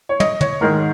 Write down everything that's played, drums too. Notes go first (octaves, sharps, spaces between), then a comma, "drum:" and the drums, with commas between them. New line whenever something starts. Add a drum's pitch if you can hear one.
C#5
D#5, drum: tom
C#5, drum: tom
G#2 D#3 G#3 A#4